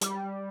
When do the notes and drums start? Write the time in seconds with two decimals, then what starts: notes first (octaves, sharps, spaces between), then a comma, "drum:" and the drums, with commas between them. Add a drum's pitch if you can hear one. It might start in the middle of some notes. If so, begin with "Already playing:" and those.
0.01 G3, drum: hi-hat